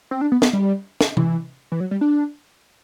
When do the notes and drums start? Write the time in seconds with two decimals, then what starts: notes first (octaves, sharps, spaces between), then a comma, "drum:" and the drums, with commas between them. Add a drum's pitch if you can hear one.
0.11 C4
0.21 D4
0.32 B3
0.42 B3, drum: snare
0.53 G3
1.01 drum: snare
1.17 E3, drum: tom C3
1.72 E3
1.80 F#3
1.91 G3
2.01 D4